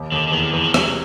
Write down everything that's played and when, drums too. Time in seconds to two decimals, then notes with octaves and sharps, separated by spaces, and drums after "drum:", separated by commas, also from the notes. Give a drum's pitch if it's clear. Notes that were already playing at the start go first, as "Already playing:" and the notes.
Already playing: D#2
0.12 D#2 D3
0.27 D3
0.32 E2 D#3
0.43 D#3
0.53 E2 E3
0.64 F3
0.74 C3 F#3, drum: rim click